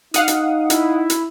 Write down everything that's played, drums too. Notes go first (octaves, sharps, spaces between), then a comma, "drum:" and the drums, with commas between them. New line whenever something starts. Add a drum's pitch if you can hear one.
D#4 F5 F#5 D#6, drum: hi-hat
drum: hi-hat
E4, drum: hi-hat
drum: hi-hat